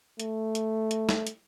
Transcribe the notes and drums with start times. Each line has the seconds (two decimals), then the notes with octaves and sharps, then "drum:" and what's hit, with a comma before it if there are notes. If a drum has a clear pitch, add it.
0.20 A3, drum: hi-hat
0.55 drum: hi-hat
0.91 drum: hi-hat
1.09 drum: snare
1.27 drum: hi-hat